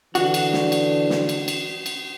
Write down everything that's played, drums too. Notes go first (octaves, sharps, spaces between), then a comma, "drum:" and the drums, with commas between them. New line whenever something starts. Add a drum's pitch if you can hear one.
D3 E3 D4 F#4, drum: cymbal
drum: cymbal
drum: snare
drum: cymbal
drum: snare
drum: cymbal
drum: cymbal
drum: cymbal